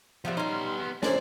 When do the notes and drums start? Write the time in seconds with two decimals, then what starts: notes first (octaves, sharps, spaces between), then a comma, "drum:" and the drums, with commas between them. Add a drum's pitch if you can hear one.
0.25 F3 G3 A3 B3
0.37 G3 B3 C#4 D#4 C6
1.03 C#4 D4 A#4 C5 D5 G#5, drum: snare